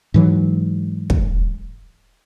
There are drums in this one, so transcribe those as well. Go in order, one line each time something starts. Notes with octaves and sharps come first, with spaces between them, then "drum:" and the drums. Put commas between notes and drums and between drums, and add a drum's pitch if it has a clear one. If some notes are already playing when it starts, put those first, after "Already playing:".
G#2 E3 F#3
drum: kick